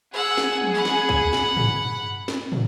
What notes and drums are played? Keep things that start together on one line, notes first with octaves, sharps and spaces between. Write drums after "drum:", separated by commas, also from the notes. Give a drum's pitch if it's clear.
G#4 F#5 E6
drum: snare
drum: tom
F#5 B5
drum: snare
drum: kick C2
drum: snare
drum: tom
drum: snare
drum: tom